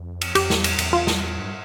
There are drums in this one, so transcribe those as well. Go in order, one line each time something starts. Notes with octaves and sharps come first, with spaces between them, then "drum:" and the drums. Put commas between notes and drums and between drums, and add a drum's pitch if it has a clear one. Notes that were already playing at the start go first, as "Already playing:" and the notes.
Already playing: F2
drum: cymbal
F2 G4, drum: cymbal
E2, drum: snare
E2, drum: cymbal
E2, drum: cymbal
F4
drum: snare
G2